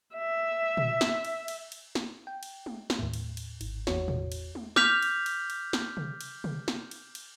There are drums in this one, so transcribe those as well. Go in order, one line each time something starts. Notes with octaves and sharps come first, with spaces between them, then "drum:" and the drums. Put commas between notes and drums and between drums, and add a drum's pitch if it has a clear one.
E5
drum: tom A#2
drum: snare
drum: cymbal
drum: cymbal
drum: cymbal
drum: snare
G5
drum: cymbal
drum: tom G#3
drum: snare
D#2 A2
drum: cymbal
drum: cymbal
G#1, drum: cymbal
E2 F#4 C#5, drum: snare
drum: tom A2
drum: cymbal
drum: tom G#3
D6 F6 G6 B6 F7, drum: snare
drum: cymbal
drum: cymbal
drum: cymbal
drum: snare
drum: tom C3
drum: cymbal
drum: tom C3
drum: snare
drum: cymbal
drum: cymbal